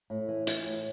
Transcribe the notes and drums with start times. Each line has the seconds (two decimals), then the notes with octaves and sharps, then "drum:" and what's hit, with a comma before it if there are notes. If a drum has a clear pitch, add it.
0.10 A2
0.28 E3
0.47 E3, drum: hi-hat
0.66 A2